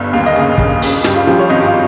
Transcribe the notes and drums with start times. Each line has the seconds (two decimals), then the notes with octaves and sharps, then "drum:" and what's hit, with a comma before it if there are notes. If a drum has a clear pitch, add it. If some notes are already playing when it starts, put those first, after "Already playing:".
Already playing: G1 G2
0.13 D#2 F5
0.26 D#5
0.36 C#3 F5
0.58 C#3, drum: kick
0.82 C#3, drum: open hi-hat
1.04 G2 G4, drum: snare
1.16 F4
1.27 F3 G4
1.39 C#5
1.50 G#1 D#5
1.60 G4
1.66 F4